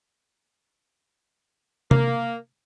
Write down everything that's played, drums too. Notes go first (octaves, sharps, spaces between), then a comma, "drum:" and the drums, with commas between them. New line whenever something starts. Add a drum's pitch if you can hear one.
A#3, drum: tom C3